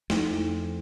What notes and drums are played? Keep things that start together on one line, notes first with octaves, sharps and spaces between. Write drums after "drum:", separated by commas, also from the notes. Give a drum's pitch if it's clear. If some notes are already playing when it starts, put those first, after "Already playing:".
F2 A3 D#4 E4, drum: snare